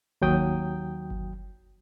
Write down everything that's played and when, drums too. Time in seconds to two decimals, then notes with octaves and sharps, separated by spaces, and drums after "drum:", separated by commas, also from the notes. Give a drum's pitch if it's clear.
0.22 D#2 F#3 G5 D#6, drum: kick G1
1.10 drum: kick G1